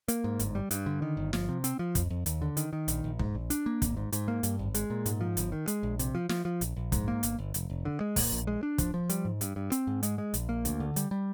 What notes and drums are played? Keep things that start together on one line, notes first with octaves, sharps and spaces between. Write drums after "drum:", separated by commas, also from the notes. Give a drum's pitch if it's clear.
A#3, drum: hi-hat
G#2
G1, drum: hi-hat
G3
G2, drum: hi-hat
D3
D#3
G1
F3, drum: snare
C3
C4, drum: hi-hat
F3
F2, drum: kick, hi-hat
F2
D#2, drum: hi-hat
D3
D#3, drum: hi-hat
D#3
A#1, drum: hi-hat
A#1
G#2, drum: kick
A#1
D4, drum: hi-hat
A#3
G#1, drum: kick, hi-hat
G#2
G#2, drum: hi-hat
A#3
G2, drum: hi-hat
G#1
G#3, drum: hi-hat
A#2
G#2, drum: hi-hat
F3
G1, drum: hi-hat
D#3
G#3, drum: hi-hat
A#1
C3, drum: hi-hat
F3
F3, drum: snare
F3
A#1, drum: hi-hat
A#1
G#2, drum: kick, hi-hat
A#3
G1, drum: hi-hat
G1
F1, drum: hi-hat
F1
D3
G#3
A#2, drum: kick, open hi-hat
A#1
G#3
D4
F3, drum: kick, hi-hat
F3
G3, drum: hi-hat
G#2
G2, drum: hi-hat
G2
C4, drum: hi-hat
G#2
G#3, drum: hi-hat
G#3
A#1, drum: hi-hat
A#3
D2, drum: hi-hat
D3
G3, drum: hi-hat
G3